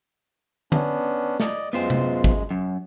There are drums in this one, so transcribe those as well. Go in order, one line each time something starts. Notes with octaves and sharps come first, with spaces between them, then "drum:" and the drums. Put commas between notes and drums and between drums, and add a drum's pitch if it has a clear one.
B3 C#4 D4, drum: tom D3
D5 D#5, drum: snare
F#2 G#3 B3 F4 C5
drum: tom C3
drum: kick
F#2